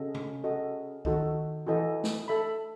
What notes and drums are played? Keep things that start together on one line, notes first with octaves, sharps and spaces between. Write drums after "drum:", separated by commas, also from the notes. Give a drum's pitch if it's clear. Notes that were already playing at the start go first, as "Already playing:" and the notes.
Already playing: C#3 F#4 A4 D#5
drum: tom C3
F#4 A4 D#5
D#3 F#4 A4 D#5, drum: kick C#2
E3 F#4 A4 D#5
drum: snare
A4 E5 B5